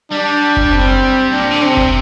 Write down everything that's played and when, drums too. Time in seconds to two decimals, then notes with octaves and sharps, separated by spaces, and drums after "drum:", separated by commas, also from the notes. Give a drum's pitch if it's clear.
0.11 G3 D4
0.57 drum: kick F#1
0.72 C4
1.31 A#2 D4
1.51 D3
1.62 C3 C4
1.77 drum: kick F#1